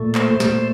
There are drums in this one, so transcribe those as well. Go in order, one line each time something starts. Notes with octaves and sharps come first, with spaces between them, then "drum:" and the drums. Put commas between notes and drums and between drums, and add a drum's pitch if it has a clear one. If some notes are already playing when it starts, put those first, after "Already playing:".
Already playing: A#2 A3
C5, drum: clap
A#2 A3, drum: snare